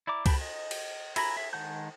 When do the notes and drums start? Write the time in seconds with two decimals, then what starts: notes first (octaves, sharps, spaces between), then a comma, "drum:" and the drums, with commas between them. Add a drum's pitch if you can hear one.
0.07 E4 D5 A#5 D6
0.26 A4 B4 G5 A5 B5, drum: kick C#2, cymbal
0.41 D#5
0.71 drum: cymbal
1.16 E4 G#5 A#5 B5, drum: cymbal
1.36 G#4 E5
1.53 D#3 G#3 F#5 A5 G6